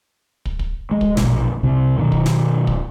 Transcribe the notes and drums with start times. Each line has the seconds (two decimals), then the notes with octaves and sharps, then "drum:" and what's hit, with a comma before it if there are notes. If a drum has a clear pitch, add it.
0.45 drum: kick
0.59 drum: kick
0.91 G#3
1.01 drum: kick
1.17 A#1 F#2 B2, drum: snare
1.63 C2 C3
1.98 F#2 B2 D#3
2.12 drum: kick
2.26 drum: snare
2.67 drum: kick